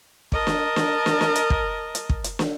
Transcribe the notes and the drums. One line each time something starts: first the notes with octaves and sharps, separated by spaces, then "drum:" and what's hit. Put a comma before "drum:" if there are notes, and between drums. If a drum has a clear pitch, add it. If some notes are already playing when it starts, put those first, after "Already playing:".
A#4 D#5 A5, drum: kick
drum: snare
drum: snare
drum: snare
drum: snare
drum: hi-hat
drum: kick
drum: hi-hat
drum: kick
drum: hi-hat
drum: snare